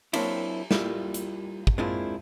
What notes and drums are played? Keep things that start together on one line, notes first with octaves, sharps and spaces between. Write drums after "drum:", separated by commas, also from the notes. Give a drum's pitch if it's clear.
F#3 A#3 C4 D4 E4, drum: cymbal
G3 A#3 E4 F4, drum: snare
drum: hi-hat
drum: kick
G#3 A#3 C4 D4 E4 F4